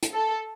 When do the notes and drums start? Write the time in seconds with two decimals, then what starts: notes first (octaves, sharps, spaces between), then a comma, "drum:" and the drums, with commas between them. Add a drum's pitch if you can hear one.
0.03 drum: hi-hat
0.12 A4